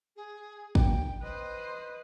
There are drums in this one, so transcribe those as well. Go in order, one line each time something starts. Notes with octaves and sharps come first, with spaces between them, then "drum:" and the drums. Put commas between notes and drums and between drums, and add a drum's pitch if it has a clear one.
G#4
G5, drum: kick
B4 C5 D#5